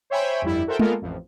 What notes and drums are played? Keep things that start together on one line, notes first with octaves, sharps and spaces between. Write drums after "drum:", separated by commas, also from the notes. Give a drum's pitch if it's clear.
C5 C#5 E5 G5 G#5 B5
G1 F2 G3 E4
F#4 A4 A#4 C5 E5 G5
G#3 A#3 B3 F4 A4 A#4, drum: tom G#3
A1 F2